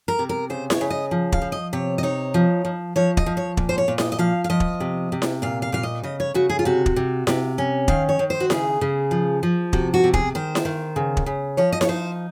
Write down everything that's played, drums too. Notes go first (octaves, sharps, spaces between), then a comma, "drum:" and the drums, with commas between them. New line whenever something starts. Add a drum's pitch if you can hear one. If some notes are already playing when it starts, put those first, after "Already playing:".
A#4
C3
A#4
C#3 C5
C#5, drum: snare E4
C#3
D#5
F3
F5, drum: kick
F3
D#5
C3 C#5
D#5
D#4 C#5
F3
F3
F3 C#5
D#5, drum: kick
F3
C#5
A#2, drum: kick
C5
C#5
A#2
D#5, drum: snare E4
D#5
F3 F5
F5
F3 D#5
drum: kick
C3
C3
drum: snare E4
A#2 F5
F5
A#2 F5
D#5
C#3 D#5
C#5
C#3 F#4
G#4
F4
C3 F#4
drum: kick
C3
C3, drum: snare E4
C#4
D#3 F5, drum: kick
C#5
D#3
C5
F#4
C#3 G#4, drum: snare E4
C#3
F3
F3
C3 F#4, drum: kick
F#4
C3
G#4, drum: kick
D#3 C5
drum: snare E4
D#3
C#3
drum: kick
C#3
F3 C#5
D#5
C#5, drum: snare E4
D#4 C5